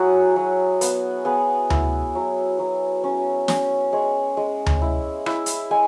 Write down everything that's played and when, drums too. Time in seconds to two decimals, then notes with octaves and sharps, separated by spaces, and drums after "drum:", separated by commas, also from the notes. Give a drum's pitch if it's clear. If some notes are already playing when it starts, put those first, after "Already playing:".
Already playing: F#3 E4 F#4 G#4
0.36 F#3
0.81 B3, drum: hi-hat
1.25 B3 G#4
1.70 E4, drum: tom D2
2.15 F#3
2.59 F#3
3.04 C#4
3.48 C#4, drum: snare
3.93 G#3 C#5
4.37 G#3
4.66 drum: tom D2
4.82 E4
5.26 E4, drum: rim click
5.46 drum: hi-hat
5.71 G#3 G#5